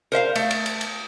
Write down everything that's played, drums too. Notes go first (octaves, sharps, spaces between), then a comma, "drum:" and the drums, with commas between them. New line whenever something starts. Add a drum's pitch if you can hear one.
A#4 C5 E5 F5
A3, drum: cymbal
drum: cymbal
drum: cymbal
drum: cymbal